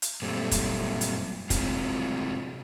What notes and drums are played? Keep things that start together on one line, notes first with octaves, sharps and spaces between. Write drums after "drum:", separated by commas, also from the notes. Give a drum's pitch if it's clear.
drum: hi-hat
F#2 A#2 G3 A3 C4
drum: kick, hi-hat
drum: hi-hat
A2 C3 F#3 G#3 C4 F4, drum: kick, hi-hat